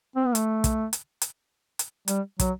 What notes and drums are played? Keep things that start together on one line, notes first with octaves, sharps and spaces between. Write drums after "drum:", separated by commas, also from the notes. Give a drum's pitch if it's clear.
C4
B3
A3, drum: hi-hat
drum: kick, hi-hat
drum: hi-hat
drum: hi-hat
drum: hi-hat
G3, drum: hi-hat
F#3, drum: kick, hi-hat